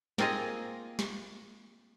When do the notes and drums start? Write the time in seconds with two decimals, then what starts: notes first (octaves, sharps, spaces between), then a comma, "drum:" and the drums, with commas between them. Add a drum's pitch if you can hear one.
0.18 A#3 C4 F4 G#4 D#5, drum: snare
0.99 drum: snare